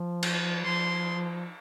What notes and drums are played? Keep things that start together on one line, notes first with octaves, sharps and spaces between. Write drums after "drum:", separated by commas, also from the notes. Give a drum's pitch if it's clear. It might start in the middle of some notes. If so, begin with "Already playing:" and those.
Already playing: F3
drum: cymbal
F3 C6